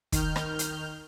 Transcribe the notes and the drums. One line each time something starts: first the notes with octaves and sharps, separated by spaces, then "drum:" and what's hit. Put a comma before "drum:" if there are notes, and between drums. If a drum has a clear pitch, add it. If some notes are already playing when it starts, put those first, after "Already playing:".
D#3 F6 G6, drum: kick, hi-hat
drum: rim click
drum: hi-hat